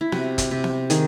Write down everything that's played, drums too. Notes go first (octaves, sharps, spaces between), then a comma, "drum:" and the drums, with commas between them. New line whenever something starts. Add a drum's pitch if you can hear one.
E4
C3 F#4, drum: snare B3
drum: kick, hi-hat
C3
drum: snare B3
D#3 G#4, drum: hi-hat